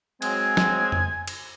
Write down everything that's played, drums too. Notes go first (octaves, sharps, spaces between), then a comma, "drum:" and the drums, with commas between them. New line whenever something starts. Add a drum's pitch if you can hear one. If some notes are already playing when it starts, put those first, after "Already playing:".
F#3 G#3 C4 G#5, drum: cymbal
drum: snare
drum: tom F2
drum: cymbal